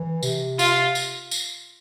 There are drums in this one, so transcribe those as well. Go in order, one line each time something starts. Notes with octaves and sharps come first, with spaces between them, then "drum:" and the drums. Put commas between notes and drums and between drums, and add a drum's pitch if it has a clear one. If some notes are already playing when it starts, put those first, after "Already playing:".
Already playing: E3
C3, drum: tambourine
F4, drum: tambourine
drum: tambourine
drum: tambourine